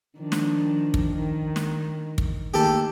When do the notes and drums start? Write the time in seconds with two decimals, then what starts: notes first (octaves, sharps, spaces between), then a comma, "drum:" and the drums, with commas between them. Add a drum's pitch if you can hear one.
0.18 D#3 F3 D4
0.32 drum: snare
0.94 drum: kick
1.14 D#3
1.56 drum: snare
2.18 drum: kick
2.54 D#3 A3 A#3 G4 A4